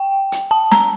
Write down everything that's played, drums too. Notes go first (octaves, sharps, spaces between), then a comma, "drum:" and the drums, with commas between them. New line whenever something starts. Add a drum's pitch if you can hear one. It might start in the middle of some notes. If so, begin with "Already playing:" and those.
Already playing: G5
drum: hi-hat
A5
A#5, drum: snare